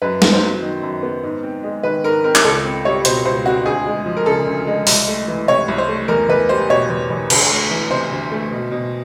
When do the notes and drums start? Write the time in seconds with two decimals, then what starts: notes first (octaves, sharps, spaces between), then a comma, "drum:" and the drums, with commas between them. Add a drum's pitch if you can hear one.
0.02 F#2 B4
0.22 B3, drum: snare
0.32 C5
0.42 F#3
0.62 D#3
0.83 F#2
1.03 B3
1.23 G#2
1.43 C4
1.63 G#3
1.83 D#3 B4
2.04 G#2 A#4
2.24 C4 A#4
2.35 drum: clap
2.44 C#2 A4
2.65 C4
2.85 G3 C#5
3.05 B2 C5, drum: hi-hat
3.25 C#2 C5
3.45 C4 F#4
3.66 D2 G#4
3.86 G#3
4.06 F3
4.17 A#4
4.26 C#3 A4
4.47 D2
4.67 G#3
4.87 C2, drum: open hi-hat
5.07 A3
5.28 E3
5.48 C3 C#5
5.68 C2
5.78 C5
5.88 A3
6.08 E2 A#4
6.28 E2 B4
6.49 G3 C5
6.69 B2 C#5
6.90 E2
7.10 E2
7.30 D2, drum: cymbal
7.51 A3
7.71 E3
7.90 C3 C5
8.11 D2
8.31 A3
8.51 B2
8.71 B2